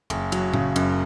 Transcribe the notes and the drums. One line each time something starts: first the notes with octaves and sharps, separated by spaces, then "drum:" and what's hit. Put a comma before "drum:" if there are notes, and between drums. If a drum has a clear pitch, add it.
F#1, drum: cymbal
F#3, drum: cymbal
C#3, drum: tom A2
F#2, drum: cymbal